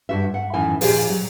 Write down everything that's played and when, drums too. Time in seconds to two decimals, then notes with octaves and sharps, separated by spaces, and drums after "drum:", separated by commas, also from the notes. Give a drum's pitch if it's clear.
0.09 G2 F#4 E5
0.34 F#5
0.54 F#2 A2 D#3 E3 E4 G#5
0.81 D#2 A#2 F3 G4 G#4 C#5, drum: open hi-hat
1.10 F#3